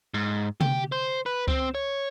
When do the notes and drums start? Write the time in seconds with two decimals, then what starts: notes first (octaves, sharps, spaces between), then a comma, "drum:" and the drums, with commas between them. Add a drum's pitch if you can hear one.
0.14 G#2
0.61 G4, drum: tom C3
0.92 C5
1.26 B4
1.48 C4, drum: kick C#2
1.75 C#5